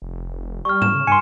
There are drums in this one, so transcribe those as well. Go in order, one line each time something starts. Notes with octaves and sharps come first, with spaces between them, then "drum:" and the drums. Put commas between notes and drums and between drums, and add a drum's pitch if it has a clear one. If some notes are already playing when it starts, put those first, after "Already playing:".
F1
G3 C#6 F6
E7, drum: tom G#2
C#3
G2 G#5 C6 C#7